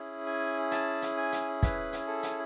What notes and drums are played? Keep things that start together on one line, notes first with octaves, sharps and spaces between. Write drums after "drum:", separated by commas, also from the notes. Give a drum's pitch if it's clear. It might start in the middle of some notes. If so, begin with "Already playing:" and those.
Already playing: C#4 E4 G#4
G#5
A5, drum: hi-hat
drum: hi-hat
G#5
drum: hi-hat
B4, drum: kick, hi-hat
drum: hi-hat
A4
drum: hi-hat